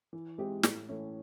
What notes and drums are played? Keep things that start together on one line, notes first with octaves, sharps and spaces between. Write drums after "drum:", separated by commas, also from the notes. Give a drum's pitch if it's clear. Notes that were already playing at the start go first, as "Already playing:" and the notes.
E3
G#3 C4 E4 G4
A2, drum: snare
E3 A3 C#4